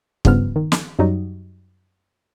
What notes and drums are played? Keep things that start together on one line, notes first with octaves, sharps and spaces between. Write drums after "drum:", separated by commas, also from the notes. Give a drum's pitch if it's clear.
G2 C#3 F3 B3 F6, drum: kick
D#3
drum: snare
F#2 F#3 G3 D#4